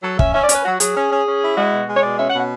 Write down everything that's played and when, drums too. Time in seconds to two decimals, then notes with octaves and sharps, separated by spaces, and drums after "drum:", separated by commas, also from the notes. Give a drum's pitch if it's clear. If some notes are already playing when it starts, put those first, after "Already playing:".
0.03 F#3 A4
0.19 C#4 E5, drum: kick
0.34 C#4 E5
0.44 D5
0.49 C#4, drum: hi-hat
0.55 B4
0.65 F#3 F#4
0.80 F#3 G#4, drum: hi-hat
0.96 C#4
1.11 C#4
1.26 C#4
1.42 E4
1.57 G#3 F#4
1.73 B2
1.88 G#3
1.97 C#5
2.03 B2 D5
2.19 C#4 E5
2.30 F#5
2.34 B2
2.40 F#5